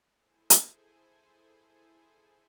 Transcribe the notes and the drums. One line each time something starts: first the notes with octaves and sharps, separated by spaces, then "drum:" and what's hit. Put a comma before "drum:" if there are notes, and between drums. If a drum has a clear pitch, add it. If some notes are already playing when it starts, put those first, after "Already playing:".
E4 G#4 A4 C5 G#5
drum: hi-hat